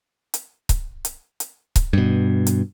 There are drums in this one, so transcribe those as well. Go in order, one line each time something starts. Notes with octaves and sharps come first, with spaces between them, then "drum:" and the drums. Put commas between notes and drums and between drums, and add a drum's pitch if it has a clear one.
drum: hi-hat
drum: kick C#1, hi-hat
drum: hi-hat
drum: hi-hat
drum: kick C#1, hi-hat
G2 B2
drum: hi-hat